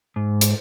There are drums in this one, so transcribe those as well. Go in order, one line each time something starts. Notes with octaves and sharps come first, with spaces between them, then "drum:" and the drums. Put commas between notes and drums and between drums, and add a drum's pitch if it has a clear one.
G#2
drum: hi-hat